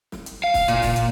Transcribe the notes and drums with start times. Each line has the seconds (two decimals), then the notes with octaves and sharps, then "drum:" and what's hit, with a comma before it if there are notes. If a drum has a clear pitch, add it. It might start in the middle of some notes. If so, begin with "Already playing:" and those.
0.12 drum: snare
0.26 drum: hi-hat
0.44 F5
0.54 drum: kick, open hi-hat
0.68 A#2, drum: hi-hat
0.82 drum: kick, open hi-hat
0.96 drum: hi-hat